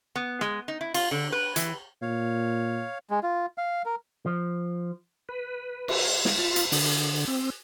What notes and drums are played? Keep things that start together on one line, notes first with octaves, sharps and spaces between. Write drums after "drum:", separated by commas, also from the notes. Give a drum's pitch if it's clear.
B3
G#3, drum: rim click
D#4
E4
F4, drum: cymbal
D3
B4
E3, drum: hi-hat
A#2 C#5 F5
G#3
F4
F5
A#4
F3
B4
drum: cymbal
drum: snare
F4
drum: hi-hat
D3, drum: open hi-hat
C4